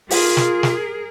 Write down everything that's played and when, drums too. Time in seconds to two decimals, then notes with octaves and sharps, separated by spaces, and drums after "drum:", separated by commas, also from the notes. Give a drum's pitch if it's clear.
0.11 F4 G#4 A#4, drum: open hi-hat
0.37 drum: snare
0.63 drum: snare